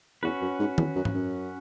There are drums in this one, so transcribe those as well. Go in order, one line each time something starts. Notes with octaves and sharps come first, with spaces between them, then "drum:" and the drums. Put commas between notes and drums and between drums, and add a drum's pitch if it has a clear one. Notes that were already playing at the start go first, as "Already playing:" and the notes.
E2 C#4 F#4 B4
F#2
G#2
E2, drum: tom D#3
F#2
drum: tom G#2
F#2